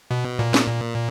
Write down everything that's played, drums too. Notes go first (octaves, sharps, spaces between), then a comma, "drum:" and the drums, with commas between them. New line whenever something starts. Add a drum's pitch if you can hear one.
B2
A#2
drum: snare